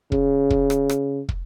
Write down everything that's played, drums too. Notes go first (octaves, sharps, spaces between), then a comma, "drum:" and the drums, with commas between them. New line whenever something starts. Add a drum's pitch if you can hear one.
C#3, drum: kick
drum: kick
drum: rim click
drum: rim click
drum: kick